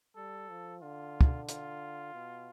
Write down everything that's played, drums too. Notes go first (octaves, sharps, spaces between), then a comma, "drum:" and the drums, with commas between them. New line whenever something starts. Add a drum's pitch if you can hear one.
G3 A4
F3
D3 F4
drum: kick
F4, drum: hi-hat
B2